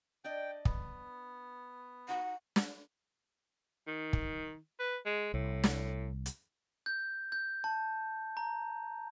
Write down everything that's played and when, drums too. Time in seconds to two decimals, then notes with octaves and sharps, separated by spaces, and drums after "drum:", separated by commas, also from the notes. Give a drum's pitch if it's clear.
0.24 D4 D5 D#5 G5
0.65 B3, drum: kick
2.09 D#4 F#4 F#5
2.56 drum: snare
3.87 D#3
4.13 drum: kick
4.80 B4
5.05 G#3
5.34 C2 A2
5.64 drum: snare
6.26 drum: hi-hat
6.86 G6
7.32 G6
7.64 A5
8.37 A#5